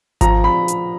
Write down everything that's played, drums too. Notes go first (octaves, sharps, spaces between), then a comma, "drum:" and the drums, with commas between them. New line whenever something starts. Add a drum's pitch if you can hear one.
F3 A#5, drum: kick G#1, hi-hat
B5
drum: hi-hat